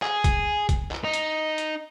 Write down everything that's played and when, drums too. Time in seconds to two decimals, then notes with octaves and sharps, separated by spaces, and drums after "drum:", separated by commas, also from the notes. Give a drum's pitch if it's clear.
0.02 G#4, drum: clap
0.24 drum: kick, hi-hat
0.69 drum: kick, hi-hat
0.91 drum: clap
1.04 D#4
1.13 drum: hi-hat
1.58 drum: hi-hat